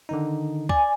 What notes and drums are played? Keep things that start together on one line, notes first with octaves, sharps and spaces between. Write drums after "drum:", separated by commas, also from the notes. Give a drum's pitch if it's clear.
D3 D#3 D#4
D5 G#5, drum: kick